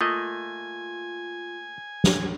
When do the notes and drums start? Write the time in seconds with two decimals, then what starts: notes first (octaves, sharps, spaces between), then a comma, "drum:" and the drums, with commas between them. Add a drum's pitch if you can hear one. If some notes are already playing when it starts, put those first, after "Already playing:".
0.01 A3 A#3 F4 D#5 G#5 D#6
2.04 drum: snare